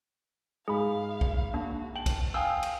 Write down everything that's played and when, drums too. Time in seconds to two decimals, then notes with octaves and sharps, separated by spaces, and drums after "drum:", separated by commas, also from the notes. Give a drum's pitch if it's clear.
0.68 G#2 G#4 F5 B5
1.21 drum: kick B1
1.54 A#3 D4 F#4
1.96 G5 A5 F#7
2.06 drum: kick B1, cymbal
2.34 F5 G5 G#5 D#6 E6
2.63 drum: cymbal